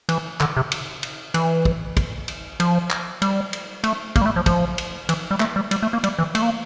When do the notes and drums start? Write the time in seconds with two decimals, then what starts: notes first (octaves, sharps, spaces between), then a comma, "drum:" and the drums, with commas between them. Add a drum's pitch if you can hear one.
0.09 E3, drum: cymbal
0.40 D3, drum: clap
0.57 C3
0.72 drum: cymbal
1.03 drum: cymbal
1.34 E3, drum: cymbal
1.65 drum: kick
1.97 drum: kick, cymbal
2.28 drum: cymbal
2.60 F3, drum: cymbal
2.90 drum: clap
3.22 G3, drum: cymbal
3.53 drum: cymbal
3.84 A3, drum: cymbal
4.16 A#3, drum: kick, cymbal
4.21 G3
4.26 A3
4.36 F3
4.46 F3, drum: kick, cymbal
4.78 drum: cymbal
5.09 E3, drum: cymbal
5.31 G3
5.40 A3, drum: clap
5.56 G3
5.71 G3, drum: cymbal
5.83 A3
5.93 A#3
6.04 G3, drum: cymbal
6.19 E3
6.35 A3, drum: cymbal
6.42 A#3